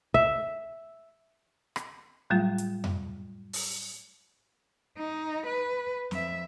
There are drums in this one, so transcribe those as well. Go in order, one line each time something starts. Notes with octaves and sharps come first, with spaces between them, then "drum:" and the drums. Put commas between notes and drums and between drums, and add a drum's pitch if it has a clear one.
E5, drum: kick
drum: rim click
A2 F#3 G3 A3 F4
drum: hi-hat
drum: tom F2
drum: open hi-hat
D#4
B4
F2 E5, drum: snare